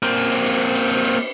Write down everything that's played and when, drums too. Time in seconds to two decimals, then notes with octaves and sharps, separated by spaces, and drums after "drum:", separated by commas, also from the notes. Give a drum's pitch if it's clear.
0.03 A#3 C4
0.17 drum: cymbal
0.32 drum: cymbal
0.46 drum: cymbal
0.75 drum: cymbal
0.90 drum: cymbal
1.04 drum: cymbal